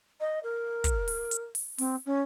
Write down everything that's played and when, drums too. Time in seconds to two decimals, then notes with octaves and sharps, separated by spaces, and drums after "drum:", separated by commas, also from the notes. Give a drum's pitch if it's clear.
0.20 D#5
0.43 A#4
0.84 drum: kick, hi-hat
1.08 drum: open hi-hat
1.31 drum: hi-hat
1.55 drum: open hi-hat
1.78 C4, drum: open hi-hat
2.06 C#4